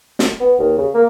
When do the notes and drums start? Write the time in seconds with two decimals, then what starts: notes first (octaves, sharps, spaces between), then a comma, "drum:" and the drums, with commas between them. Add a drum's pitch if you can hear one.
0.19 drum: snare
0.40 B3
0.59 D#2
0.78 C#3
0.94 A#3